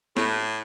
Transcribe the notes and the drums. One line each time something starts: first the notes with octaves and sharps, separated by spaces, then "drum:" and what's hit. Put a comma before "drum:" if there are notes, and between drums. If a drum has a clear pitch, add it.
A2, drum: snare